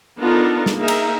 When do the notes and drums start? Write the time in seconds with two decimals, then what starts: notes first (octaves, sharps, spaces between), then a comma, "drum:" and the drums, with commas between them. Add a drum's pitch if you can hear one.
0.19 B3 D4 D#4 F4 A4 A#4
0.66 drum: snare
0.77 A#3 D#4 G#4 A#4 E5
0.88 drum: cymbal